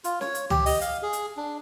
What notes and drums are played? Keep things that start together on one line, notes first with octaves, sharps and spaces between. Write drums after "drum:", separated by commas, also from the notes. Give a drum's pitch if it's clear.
F4, drum: hi-hat
C#5, drum: snare
drum: hi-hat
G4, drum: tom
D#5, drum: open hi-hat
F5, drum: hi-hat
G#4
drum: hi-hat
D4